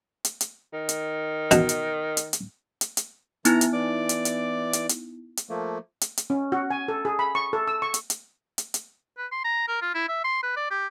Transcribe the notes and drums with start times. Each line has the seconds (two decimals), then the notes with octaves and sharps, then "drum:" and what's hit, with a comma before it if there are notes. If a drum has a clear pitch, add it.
0.25 drum: hi-hat
0.41 drum: hi-hat
0.73 D#3
0.89 drum: hi-hat
1.51 B2, drum: hi-hat
1.69 drum: hi-hat
2.17 drum: hi-hat
2.33 drum: hi-hat
2.81 drum: hi-hat
2.97 drum: hi-hat
3.45 E3 B3 D#4 E4 A#5, drum: hi-hat
3.61 drum: hi-hat
3.73 E3 D5 D6
4.09 drum: hi-hat
4.25 drum: hi-hat
4.73 drum: hi-hat
4.89 drum: hi-hat
5.37 drum: hi-hat
5.50 F3 A3 A#3
6.01 drum: hi-hat
6.17 drum: hi-hat
6.30 C#4
6.52 F#4
6.70 G#5
6.88 A4
7.05 G#4
7.19 B5
7.35 C#6
7.53 A4
7.68 E6
7.82 C#6
7.94 drum: hi-hat
8.10 drum: hi-hat
8.58 drum: hi-hat
8.74 drum: hi-hat
9.17 B4
9.31 C6
9.44 A#5
9.68 A#4
9.82 F4
9.94 E4
10.09 E5
10.24 C6
10.43 B4
10.56 D5
10.71 G4